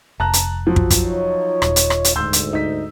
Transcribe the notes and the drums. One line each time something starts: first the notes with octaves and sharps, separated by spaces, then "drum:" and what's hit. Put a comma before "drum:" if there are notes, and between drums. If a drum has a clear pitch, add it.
F1 A5 A#5 F#6
drum: hi-hat
F3 F#3
drum: kick
drum: kick, hi-hat
D#4 F4 C#5
D#1, drum: rim click
drum: hi-hat
drum: rim click
drum: hi-hat
D2 G#2 C6 E6 G6
drum: hi-hat
D#4 B6